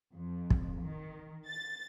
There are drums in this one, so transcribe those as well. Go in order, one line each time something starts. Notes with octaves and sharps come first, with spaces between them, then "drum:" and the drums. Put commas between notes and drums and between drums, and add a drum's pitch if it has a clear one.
F2
drum: kick
D#3
A6